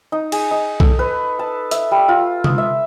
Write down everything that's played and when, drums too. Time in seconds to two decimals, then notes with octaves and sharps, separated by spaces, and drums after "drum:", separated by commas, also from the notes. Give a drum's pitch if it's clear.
0.12 D#4
0.32 G#4, drum: cymbal
0.51 D#4
0.80 A4, drum: kick B1
0.99 B4
1.39 A5
1.71 E5, drum: hi-hat
1.91 G3
2.09 F4
2.44 D#6, drum: tom C3
2.58 E5